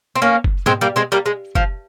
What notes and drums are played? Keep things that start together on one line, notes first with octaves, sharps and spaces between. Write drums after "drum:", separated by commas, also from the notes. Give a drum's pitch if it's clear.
C4
A#3 C#4
drum: kick
G#3 C4, drum: tom G#2
G3 A#3
G#3 C4
G3 A#3
G#3
F3, drum: kick